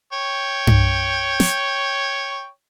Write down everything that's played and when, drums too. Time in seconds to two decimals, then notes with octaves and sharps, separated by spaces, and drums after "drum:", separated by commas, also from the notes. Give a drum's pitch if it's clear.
0.13 C#5 G5
0.67 drum: tom G2
1.40 drum: snare